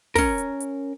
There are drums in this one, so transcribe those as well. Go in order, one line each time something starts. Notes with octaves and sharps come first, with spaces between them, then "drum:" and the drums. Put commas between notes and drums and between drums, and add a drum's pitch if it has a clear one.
C#4 A#4, drum: kick, open hi-hat
drum: hi-hat
drum: hi-hat